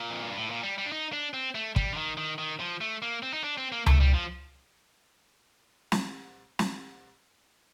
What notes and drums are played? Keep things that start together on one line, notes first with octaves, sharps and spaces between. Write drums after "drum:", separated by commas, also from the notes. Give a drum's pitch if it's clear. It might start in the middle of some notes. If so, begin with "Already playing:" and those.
Already playing: A#2
F2
G2
A2
A#2
G3
G3
D4
D#4
D4
C4
A3
G3, drum: kick
D3
D#3
D#3
D#3
F3
A3
A#3
C4
D#4
D4
C4
A#3
A3, drum: tom C#2
G3
F3
drum: snare
drum: snare